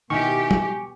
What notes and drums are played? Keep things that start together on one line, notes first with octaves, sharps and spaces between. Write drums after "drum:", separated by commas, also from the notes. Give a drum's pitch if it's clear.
B2 D#3 E4 G4 G#5 C#6
drum: tom